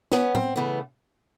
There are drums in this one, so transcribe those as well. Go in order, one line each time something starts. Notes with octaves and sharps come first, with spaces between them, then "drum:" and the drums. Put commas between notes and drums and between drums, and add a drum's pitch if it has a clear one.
B3 C#4, drum: snare
C4, drum: tom A2
C#3 E3 A3 B3